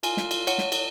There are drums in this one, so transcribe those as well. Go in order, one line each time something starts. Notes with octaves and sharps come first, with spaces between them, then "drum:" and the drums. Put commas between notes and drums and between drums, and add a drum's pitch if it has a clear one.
F4 G#5, drum: cymbal
drum: snare
drum: cymbal
C#5 F#5, drum: cymbal
drum: snare
drum: cymbal